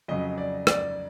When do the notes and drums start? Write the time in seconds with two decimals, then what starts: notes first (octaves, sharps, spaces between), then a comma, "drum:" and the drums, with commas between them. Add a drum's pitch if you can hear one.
0.08 F2 C#3 F#3 D#5
0.38 D5
0.67 D5, drum: rim click